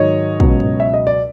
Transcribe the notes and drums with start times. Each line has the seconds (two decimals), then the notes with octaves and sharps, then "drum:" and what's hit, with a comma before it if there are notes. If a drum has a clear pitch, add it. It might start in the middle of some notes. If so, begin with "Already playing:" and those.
Already playing: G#2 D#3 F#3 C#5 D#5
0.40 C#2 B2 F#3, drum: kick
0.60 drum: tom G2
0.80 E5
0.94 D#5
1.07 D5